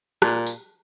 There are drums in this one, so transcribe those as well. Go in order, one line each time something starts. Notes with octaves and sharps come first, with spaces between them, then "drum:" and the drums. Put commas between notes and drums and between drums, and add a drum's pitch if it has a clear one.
A#2, drum: rim click
drum: tambourine